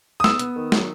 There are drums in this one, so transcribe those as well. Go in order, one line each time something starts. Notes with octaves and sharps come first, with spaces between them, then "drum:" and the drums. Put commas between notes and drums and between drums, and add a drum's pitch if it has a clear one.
D#6
B3 E6, drum: snare
B3, drum: hi-hat
D#3
F#3, drum: snare